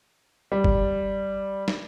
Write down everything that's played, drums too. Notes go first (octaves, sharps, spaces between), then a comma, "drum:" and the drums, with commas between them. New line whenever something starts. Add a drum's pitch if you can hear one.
G3
drum: kick
drum: snare